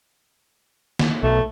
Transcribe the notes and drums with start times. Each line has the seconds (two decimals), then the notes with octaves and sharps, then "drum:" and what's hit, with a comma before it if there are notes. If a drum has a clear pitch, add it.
0.99 drum: snare
1.23 B1 A3